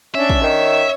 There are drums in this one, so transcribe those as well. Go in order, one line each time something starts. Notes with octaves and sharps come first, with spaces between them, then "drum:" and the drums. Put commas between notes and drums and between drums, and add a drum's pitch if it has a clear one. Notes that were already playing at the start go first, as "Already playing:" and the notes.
C#4 D4 E5
drum: kick
D#3 C#5